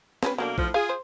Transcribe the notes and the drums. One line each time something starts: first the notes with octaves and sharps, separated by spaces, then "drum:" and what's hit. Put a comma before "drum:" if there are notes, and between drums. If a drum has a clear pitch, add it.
C4 C#4 B4, drum: snare
B2 F#3 A3 A#3 D4
A2 F3, drum: kick A#1
F4 G#4 F5
C5